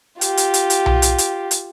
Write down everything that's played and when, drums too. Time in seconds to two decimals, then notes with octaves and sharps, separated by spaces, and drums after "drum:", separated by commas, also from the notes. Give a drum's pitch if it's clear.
0.21 F4 G4, drum: hi-hat
0.37 drum: hi-hat
0.54 drum: hi-hat
0.70 drum: hi-hat
0.86 drum: tom B1
1.02 drum: hi-hat
1.18 drum: hi-hat
1.51 drum: hi-hat